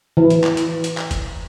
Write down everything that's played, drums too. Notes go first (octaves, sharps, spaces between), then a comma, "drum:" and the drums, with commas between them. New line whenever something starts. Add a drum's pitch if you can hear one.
E3
drum: hi-hat
drum: clap
drum: hi-hat
drum: hi-hat
drum: clap
drum: kick F1, hi-hat